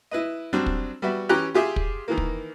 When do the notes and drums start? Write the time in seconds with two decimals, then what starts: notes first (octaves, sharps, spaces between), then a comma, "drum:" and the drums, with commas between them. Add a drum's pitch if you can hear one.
0.11 E4 B4 D#5
0.53 F#3 G3 C4 D4
0.66 drum: kick
1.02 G3 B3 F#4 E5
1.29 E3 C#4 G4 G5 A#5 F#6
1.54 F4 G4 G#4 E5
1.76 drum: kick
2.08 D#3 E3 A#3
2.18 drum: kick